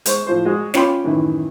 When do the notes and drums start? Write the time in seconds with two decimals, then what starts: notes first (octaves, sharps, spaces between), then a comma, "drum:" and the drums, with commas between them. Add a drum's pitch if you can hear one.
0.06 G#3 C5 C#6, drum: hi-hat
0.26 A2 F3 C5
0.45 G#3 F#4 G#4
0.74 C#4 F4 G5 B5 C6 D6, drum: snare
1.04 F#2 A2 D#3 E3 E4